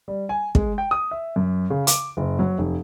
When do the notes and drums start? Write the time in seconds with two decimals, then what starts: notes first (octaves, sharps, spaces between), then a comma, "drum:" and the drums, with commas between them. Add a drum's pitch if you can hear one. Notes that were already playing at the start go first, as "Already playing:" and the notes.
0.08 G3
0.29 G#5
0.55 G#3, drum: kick
0.78 G5
0.91 D#6
1.11 E5
1.36 F#2
1.70 C#3
1.87 D6, drum: hi-hat
2.17 F#1
2.39 F#3
2.58 F1